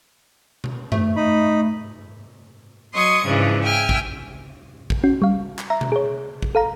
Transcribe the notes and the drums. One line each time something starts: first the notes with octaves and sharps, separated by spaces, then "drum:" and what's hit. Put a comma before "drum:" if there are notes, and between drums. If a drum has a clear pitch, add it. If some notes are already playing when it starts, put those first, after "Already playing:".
drum: tom B2
A3, drum: tom F#2
D#4 B5
F#3 D#5 C6 C#6 D#6 G#6
G#2 C#3 E3 F3 D4
E5 G5 G#5 F6
drum: kick
drum: kick
C#4 F#4
G3 F5
drum: clap
E5 A#5
drum: tom B2
G#4 C#5
drum: kick
A4 F5 A#5